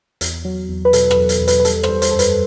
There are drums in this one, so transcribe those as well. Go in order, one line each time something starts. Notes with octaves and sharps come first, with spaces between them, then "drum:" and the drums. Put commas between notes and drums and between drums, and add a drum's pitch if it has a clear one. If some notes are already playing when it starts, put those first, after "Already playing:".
E2, drum: hi-hat
F#3
E2
B4
B2 A4, drum: hi-hat
B4, drum: rim click
E2
drum: hi-hat
E2
B4, drum: hi-hat
B4
G3 A4, drum: hi-hat
C5, drum: rim click
G3
C5, drum: hi-hat
F#2 A4
B4, drum: hi-hat